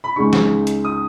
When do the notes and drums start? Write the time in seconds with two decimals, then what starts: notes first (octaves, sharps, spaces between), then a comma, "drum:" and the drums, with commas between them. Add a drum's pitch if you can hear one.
0.04 B5
0.16 C#2 C#3 G#3 D#4 C#6
0.33 drum: snare
0.67 drum: hi-hat
0.85 D#6